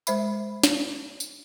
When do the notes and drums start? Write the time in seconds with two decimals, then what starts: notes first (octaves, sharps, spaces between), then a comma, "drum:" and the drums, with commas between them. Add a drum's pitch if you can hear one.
0.07 G#3 C5 E5 B5, drum: tambourine
0.63 drum: snare
1.20 drum: tambourine